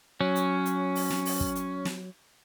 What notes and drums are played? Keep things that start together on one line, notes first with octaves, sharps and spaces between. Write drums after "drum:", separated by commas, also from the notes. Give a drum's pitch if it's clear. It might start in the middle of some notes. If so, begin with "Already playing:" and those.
F#3 C#4
drum: hi-hat
drum: hi-hat
drum: open hi-hat
drum: snare
drum: open hi-hat
drum: kick
drum: hi-hat
drum: snare